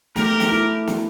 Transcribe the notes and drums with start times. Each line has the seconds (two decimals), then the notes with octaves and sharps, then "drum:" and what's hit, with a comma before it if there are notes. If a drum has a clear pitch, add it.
0.16 A3 G4 A#4, drum: snare
0.40 drum: snare
0.51 E4
0.87 E4, drum: snare